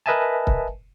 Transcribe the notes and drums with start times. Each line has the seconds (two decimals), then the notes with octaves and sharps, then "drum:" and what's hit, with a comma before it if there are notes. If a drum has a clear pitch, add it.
0.06 A#4 B4 D#5 E5 G#5 A5
0.47 drum: kick C#1